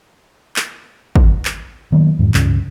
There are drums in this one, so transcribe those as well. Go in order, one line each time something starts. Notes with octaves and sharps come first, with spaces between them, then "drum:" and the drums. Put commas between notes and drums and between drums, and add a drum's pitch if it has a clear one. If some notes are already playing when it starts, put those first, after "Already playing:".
drum: clap
drum: kick
drum: clap
D#3 F#3 A#3 B3
E2 G#2
C#2 G2 C#3, drum: clap